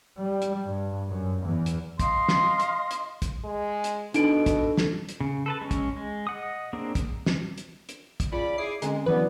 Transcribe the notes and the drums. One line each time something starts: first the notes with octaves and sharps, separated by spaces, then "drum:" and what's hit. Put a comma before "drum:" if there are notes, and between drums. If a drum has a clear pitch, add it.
G3
drum: hi-hat
G2
F#2
E2
drum: hi-hat
D#5 F5 C6 D#6, drum: kick, hi-hat
drum: snare
drum: hi-hat
drum: hi-hat
drum: kick, hi-hat
G#3
drum: hi-hat
B2 D4 D#4 A4 D7, drum: hi-hat
drum: kick, hi-hat
drum: snare
drum: hi-hat
C#3
A4 B4 A5
G#3 C#4
drum: kick, hi-hat
G#3
D#5 F#5 D#6
A#3 C4 D4 G#4 A#4
drum: kick, hi-hat
drum: snare
drum: hi-hat
drum: hi-hat
drum: kick, hi-hat
C#3 F4 D5 B5
E4 G#4 D6 C7
D3 G#3 C4 C#4, drum: hi-hat
E3 F#3 B3 B4 D5